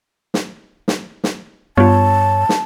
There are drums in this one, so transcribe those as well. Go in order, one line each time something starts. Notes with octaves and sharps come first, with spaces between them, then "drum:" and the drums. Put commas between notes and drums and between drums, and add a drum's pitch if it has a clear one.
drum: snare
drum: snare
drum: snare
G2 B3 F4 C#5 A5
drum: snare